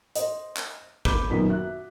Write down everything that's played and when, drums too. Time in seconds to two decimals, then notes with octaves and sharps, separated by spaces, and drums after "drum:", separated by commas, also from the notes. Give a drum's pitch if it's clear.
0.16 C5 D#5, drum: hi-hat
0.57 drum: clap
1.05 B5 D6 G6, drum: kick G1
1.31 F#2 A#2 D#3 B3 B6
1.48 F#4 E5 F#6